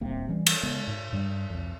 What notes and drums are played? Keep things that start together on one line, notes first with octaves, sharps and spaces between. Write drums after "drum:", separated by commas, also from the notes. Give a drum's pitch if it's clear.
D1 C2 C3 A#3
E3 G3 C#4
drum: cymbal
C#3 G#3 B3
G#2
G2 G3
C2 F2